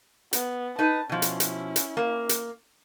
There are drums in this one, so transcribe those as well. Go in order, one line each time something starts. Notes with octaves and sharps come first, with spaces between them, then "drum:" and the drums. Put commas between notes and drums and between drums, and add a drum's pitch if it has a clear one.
B3, drum: hi-hat
D#4 B4 A5
B2 F3 C#4 E4
drum: hi-hat
drum: hi-hat
drum: hi-hat
A#3
drum: hi-hat